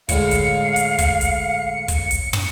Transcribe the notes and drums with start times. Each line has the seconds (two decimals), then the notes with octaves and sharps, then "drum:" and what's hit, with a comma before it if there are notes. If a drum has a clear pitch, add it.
0.09 A2 D3 G#3 F5 C#7, drum: kick, hi-hat
0.31 drum: hi-hat
0.76 drum: hi-hat
0.98 drum: kick, hi-hat
1.21 drum: hi-hat
1.88 drum: kick, hi-hat
2.11 drum: hi-hat
2.33 drum: tom